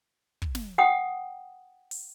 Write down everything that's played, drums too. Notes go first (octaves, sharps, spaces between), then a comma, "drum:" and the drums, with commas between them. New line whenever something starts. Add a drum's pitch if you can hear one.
drum: kick
drum: snare
F#5 G5 D#6
drum: open hi-hat